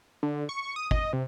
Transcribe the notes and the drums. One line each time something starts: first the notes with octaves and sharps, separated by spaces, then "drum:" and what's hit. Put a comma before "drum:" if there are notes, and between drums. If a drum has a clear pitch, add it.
D3
C#6
D#6
D#5, drum: kick
C3